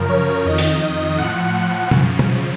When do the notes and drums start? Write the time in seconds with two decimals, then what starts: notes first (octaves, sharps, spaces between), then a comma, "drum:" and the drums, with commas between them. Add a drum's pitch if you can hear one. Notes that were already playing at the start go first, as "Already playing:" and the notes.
Already playing: F#2 C#3 F3 A#4
0.09 C#5
0.45 F2 D#3 D#5
0.58 drum: open hi-hat
1.18 A2 F3 F#5
1.91 F#2 C#3 F3, drum: tom B2
2.19 drum: tom B2